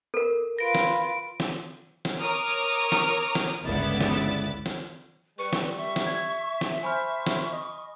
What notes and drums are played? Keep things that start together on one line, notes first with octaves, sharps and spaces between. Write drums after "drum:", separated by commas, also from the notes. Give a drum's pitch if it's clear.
A4 A#4
F4 B4 A#6 D7
drum: snare
drum: snare
drum: snare
A#4 C#5 A#5 D6 D#6 F6
drum: snare
drum: snare
G1 C#2 D3 B3 E4 A6
drum: snare
drum: snare
G3 B4 C#6
drum: snare
E5 C#6
drum: snare
G#6
drum: snare
C5 G#5 B5 C#6 F6
drum: snare
D#5